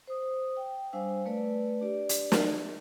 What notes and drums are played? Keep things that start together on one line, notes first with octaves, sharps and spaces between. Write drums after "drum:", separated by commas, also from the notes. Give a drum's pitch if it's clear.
C5 D#6
G5
G3 D4 C5 F5 G#5 E6
A3 B4 D5
D4 G4 D5
drum: hi-hat
drum: snare